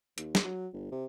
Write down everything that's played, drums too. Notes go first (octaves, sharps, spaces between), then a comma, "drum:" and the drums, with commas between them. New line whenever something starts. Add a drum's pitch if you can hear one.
D#2, drum: hi-hat
drum: snare
F#3
G1
C3